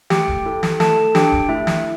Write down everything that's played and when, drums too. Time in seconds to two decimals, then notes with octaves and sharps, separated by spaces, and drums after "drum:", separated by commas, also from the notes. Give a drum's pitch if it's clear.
0.10 A3 G4 G5, drum: snare
0.28 drum: kick
0.46 E4 A4
0.63 drum: snare
0.80 A3 A4 A5, drum: snare
1.15 D4 G4 G5, drum: snare
1.32 drum: kick
1.49 A3 E4 E5
1.67 drum: snare